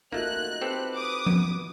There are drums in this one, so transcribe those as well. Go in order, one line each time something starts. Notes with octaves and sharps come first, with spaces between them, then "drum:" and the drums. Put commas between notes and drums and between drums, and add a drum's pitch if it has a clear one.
A3 A#3 D#4 F4 F#4 D#5 F#6
C4 G4 A4 B4
D6 D#6
drum: tom F3